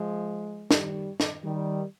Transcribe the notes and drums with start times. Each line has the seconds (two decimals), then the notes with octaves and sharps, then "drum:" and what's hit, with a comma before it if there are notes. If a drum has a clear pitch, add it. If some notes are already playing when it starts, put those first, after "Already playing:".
Already playing: F3 G#3
0.71 D#3 G3, drum: snare
1.20 drum: snare
1.44 D#3 G3